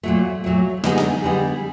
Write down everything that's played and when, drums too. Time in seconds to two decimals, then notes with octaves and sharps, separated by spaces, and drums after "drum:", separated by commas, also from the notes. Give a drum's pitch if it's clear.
0.03 A#2 F#3 A3
0.44 A#2 F#3 A3
0.84 D3 G3 B3 D#4 G#4, drum: snare
0.98 drum: snare
1.24 D3 G3 B3 D#4 G#4